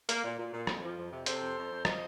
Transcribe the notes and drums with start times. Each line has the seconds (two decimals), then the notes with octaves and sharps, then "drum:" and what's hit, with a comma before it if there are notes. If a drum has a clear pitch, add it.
0.09 A#3, drum: hi-hat
0.24 A#2
0.39 A#2
0.53 A#2
0.67 F2, drum: rim click
0.83 F3
0.97 F2
1.12 C3
1.26 C3 A4 C5, drum: hi-hat
1.42 F2
1.56 F2
1.71 F2
1.85 F3 C5 D#5, drum: rim click